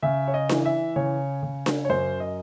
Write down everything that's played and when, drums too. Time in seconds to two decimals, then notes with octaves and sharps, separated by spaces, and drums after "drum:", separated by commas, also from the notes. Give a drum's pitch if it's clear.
0.03 C#3 E5
0.28 C#5
0.34 D#5
0.49 E3, drum: snare D4
0.65 E5
0.96 C#3 C#5
1.43 C#3
1.66 drum: snare D4
1.85 C#5
1.89 F#2 C5
2.20 D#5